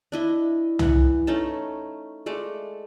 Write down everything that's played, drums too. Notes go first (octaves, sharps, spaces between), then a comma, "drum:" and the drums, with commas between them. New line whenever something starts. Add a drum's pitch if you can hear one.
D4 E4 D#5
E3 F#5, drum: tom
A3 C#4 D#4 A5
G#3 A3 D5